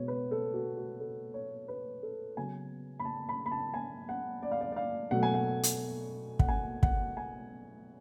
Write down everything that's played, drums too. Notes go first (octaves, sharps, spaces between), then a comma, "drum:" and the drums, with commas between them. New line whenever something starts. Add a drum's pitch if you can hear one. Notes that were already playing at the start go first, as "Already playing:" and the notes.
Already playing: B2 G#3 B3 C#5
B4
A4
F#4
F#4
A4
C#5
B4
A4
C#3 F#3 B3 G#5
B5
A5
B5
B5
A5
G#5
F#5
D5
F5
D5
D5
F5
B2 F#3 A3 F#5
G#5
F#5
drum: hi-hat
F#5, drum: kick
G#5
F#5, drum: kick
G#5